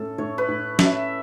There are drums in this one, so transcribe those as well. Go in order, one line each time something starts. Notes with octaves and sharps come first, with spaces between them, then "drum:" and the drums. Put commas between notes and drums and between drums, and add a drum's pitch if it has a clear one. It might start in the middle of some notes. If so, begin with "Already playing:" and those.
Already playing: A2 C#4 A4
A2 C#5
B4
A2
C#4 E5, drum: snare